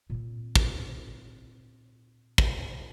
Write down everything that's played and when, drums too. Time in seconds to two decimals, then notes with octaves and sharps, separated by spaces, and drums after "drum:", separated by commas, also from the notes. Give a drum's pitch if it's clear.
0.10 A#2 C4
0.56 drum: kick
2.38 drum: kick